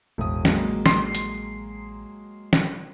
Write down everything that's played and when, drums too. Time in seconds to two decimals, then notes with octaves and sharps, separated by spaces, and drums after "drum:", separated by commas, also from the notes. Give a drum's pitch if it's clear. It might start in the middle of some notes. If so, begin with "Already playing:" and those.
0.18 E1 A1 D#6
0.45 F#3 G#3 A#3, drum: snare
0.86 C6, drum: snare
1.15 drum: hi-hat
2.53 drum: snare